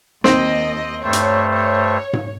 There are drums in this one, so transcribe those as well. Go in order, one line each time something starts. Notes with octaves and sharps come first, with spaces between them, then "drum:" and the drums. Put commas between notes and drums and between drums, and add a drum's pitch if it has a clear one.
D#2 C4 D#5, drum: snare
G2 A3 C5 C#5
drum: hi-hat
C#5
drum: tom G#2